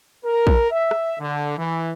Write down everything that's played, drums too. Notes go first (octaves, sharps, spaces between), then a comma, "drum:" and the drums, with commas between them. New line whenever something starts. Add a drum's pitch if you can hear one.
A#4
drum: kick A#1
E5
drum: rim click
D3
E3